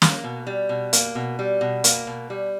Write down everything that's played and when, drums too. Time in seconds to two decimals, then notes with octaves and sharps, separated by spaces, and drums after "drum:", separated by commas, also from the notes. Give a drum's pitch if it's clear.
0.02 A#3, drum: snare
0.24 B2
0.47 G3
0.69 B2
0.93 A#3, drum: hi-hat
1.15 B2
1.39 G3
1.61 B2
1.84 A#3, drum: hi-hat
2.07 B2
2.30 G3